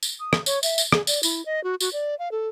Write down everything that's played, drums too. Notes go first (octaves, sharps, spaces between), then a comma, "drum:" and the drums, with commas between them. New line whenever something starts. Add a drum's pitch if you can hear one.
drum: tambourine
D#6
drum: rim click
C#5, drum: tambourine
E5, drum: tambourine
drum: tambourine
G#4, drum: rim click
D5, drum: tambourine
E4, drum: tambourine
D#5
F#4
F#4, drum: tambourine
D5
F5
A4